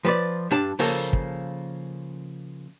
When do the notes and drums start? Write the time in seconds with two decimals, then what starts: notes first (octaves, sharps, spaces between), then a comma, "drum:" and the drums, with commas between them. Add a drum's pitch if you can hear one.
0.05 F3 B4 D5
0.51 G2 D4 A5
0.79 C#3 F3 A#3 A4, drum: open hi-hat
1.13 drum: kick